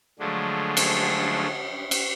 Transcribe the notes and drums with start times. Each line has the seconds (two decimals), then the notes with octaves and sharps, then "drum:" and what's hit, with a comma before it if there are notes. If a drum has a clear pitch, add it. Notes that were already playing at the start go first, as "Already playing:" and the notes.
0.19 D3 F3 F#3 G#3 A3 D4
0.77 drum: cymbal
1.91 drum: cymbal